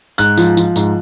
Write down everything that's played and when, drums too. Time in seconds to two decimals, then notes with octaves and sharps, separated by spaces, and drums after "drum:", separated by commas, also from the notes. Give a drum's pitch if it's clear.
0.18 G#2 F#6, drum: tambourine
0.37 F3, drum: tambourine
0.57 F3, drum: tambourine
0.76 G#2, drum: tambourine